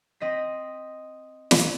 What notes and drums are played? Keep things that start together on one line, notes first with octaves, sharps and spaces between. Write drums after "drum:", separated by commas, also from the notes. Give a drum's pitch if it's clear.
C4 D#5 A#6 B6
drum: snare